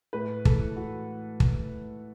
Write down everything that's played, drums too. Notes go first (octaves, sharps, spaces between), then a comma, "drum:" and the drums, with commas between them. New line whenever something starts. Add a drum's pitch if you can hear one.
A2 B4
E3 A4, drum: kick
A3 F#4
drum: kick